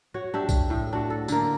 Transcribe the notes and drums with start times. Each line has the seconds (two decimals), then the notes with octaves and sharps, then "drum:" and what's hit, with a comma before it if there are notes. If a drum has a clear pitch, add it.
0.14 F#4 C#5
0.34 D4 G4 E5
0.49 drum: kick B1, tambourine
0.70 A2
0.93 D4 F#4
1.10 A4
1.28 D3 A#3, drum: tambourine